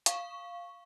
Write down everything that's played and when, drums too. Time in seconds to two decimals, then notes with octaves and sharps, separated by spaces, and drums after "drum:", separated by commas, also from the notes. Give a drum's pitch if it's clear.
0.06 F5 C#6, drum: hi-hat